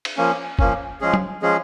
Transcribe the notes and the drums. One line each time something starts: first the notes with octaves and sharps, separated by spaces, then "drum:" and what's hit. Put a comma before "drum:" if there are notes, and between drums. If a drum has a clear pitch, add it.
drum: cymbal
F3 A#3 C#4
F3 A#3 C#4, drum: kick
F3 G#3 C#4 G#4
drum: tom
F3 G#3 C#4 G#4